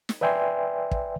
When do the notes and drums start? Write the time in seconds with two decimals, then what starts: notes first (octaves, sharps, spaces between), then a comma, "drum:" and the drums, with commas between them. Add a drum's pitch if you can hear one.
0.09 drum: snare
0.21 B4 D5 E5 G5 G#5 C6
0.91 drum: kick